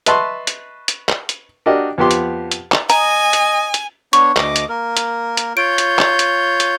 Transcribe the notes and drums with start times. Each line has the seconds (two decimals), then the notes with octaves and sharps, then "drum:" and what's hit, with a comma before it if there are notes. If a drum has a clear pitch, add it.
0.06 B4 D#5 E5 A5 C6 C#6, drum: hi-hat
0.47 drum: hi-hat
0.88 drum: hi-hat
1.09 drum: clap
1.29 drum: hi-hat
1.66 D4 F#4 G4 A#4 D#5
1.98 F2 B3 G4 C6 D6
2.11 drum: hi-hat
2.51 drum: hi-hat
2.72 drum: clap
2.90 D#5 G#5 A#5, drum: hi-hat
3.33 drum: hi-hat
3.74 drum: hi-hat
4.13 B3 D4 C#5 C#6, drum: hi-hat
4.36 D2 D#5 D6, drum: clap
4.56 drum: hi-hat
4.69 A#3 A#4
4.97 drum: hi-hat
5.37 drum: hi-hat
5.57 F4 C#5 G6 D7
5.78 drum: hi-hat
5.99 drum: clap
6.19 drum: hi-hat
6.60 drum: hi-hat